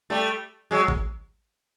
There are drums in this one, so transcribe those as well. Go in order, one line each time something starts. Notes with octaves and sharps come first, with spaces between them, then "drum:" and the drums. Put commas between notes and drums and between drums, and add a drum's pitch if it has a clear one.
G3 A3
F#3 G#3
drum: kick G#1